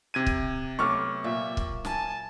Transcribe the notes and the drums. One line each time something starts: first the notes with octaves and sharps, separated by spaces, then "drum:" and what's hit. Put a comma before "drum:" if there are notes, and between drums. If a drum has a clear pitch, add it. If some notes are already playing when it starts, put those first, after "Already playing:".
C3 G#6 D#7
drum: kick
F#3 A3 B3 C#6 D6 F6
A#2 A#3 E5
drum: kick
G#5 A5, drum: snare